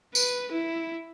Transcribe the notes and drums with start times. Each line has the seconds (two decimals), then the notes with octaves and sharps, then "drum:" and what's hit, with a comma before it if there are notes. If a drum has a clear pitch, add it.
0.15 B4, drum: tambourine
0.52 E4